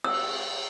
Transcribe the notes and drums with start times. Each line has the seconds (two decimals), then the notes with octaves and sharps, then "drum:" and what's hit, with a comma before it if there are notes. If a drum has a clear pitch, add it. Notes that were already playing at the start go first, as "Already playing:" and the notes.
0.04 E6, drum: cymbal